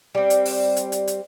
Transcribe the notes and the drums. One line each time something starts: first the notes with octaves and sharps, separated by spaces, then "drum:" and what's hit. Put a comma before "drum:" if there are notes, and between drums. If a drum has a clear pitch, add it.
G3 C4
drum: hi-hat
drum: open hi-hat
drum: hi-hat
drum: hi-hat
drum: hi-hat